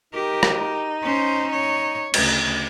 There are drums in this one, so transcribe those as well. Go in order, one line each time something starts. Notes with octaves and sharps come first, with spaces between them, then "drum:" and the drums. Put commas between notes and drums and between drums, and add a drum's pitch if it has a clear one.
D#4 G4 A#4
drum: rim click
C#4 C5
C#5
D2 C#3, drum: cymbal